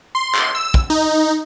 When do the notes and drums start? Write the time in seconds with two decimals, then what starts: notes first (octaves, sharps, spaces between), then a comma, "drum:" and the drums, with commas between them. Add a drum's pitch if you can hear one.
0.15 C6
0.35 drum: clap
0.55 E6
0.74 drum: kick
0.90 D#4